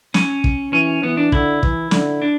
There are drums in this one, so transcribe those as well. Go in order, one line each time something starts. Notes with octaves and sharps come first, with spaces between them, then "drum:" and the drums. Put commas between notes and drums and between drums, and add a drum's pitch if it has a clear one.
C#4, drum: snare
drum: kick
E3 C#4
E3 B3
D4
D3 E4, drum: kick
E3, drum: kick
D3, drum: snare
D4